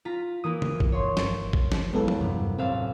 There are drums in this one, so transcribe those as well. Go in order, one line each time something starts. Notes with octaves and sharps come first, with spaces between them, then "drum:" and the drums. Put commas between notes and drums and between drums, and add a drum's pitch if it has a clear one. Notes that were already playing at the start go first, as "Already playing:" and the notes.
F4 A#5 B6
E3 A#3 E4 D#6
drum: tom C#3
drum: kick A#1
G1 C#5 C6
drum: snare
drum: kick A#1
drum: snare
F#1 G#3 B3 A4
drum: tom F3
E2 G2 C3
A1 C4 E5 F5